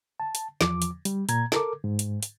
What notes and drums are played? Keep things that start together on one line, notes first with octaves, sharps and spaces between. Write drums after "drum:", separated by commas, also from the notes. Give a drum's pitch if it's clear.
A5
drum: hi-hat
E2 F3 D6, drum: snare
drum: hi-hat
G3, drum: hi-hat
A#2 A#5 G#6, drum: hi-hat
A4 A#4 D6, drum: snare
G#2
drum: hi-hat
drum: hi-hat